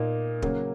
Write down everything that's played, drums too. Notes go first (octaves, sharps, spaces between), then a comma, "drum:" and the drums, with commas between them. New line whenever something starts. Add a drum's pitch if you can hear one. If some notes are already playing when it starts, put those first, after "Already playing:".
Already playing: A#2 A#3 D#4
C#3 F#3 A#3, drum: kick